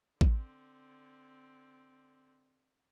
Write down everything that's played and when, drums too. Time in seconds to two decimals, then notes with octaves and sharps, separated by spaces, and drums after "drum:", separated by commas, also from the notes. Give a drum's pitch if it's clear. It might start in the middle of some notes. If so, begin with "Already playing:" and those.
0.21 D3 C4, drum: kick A1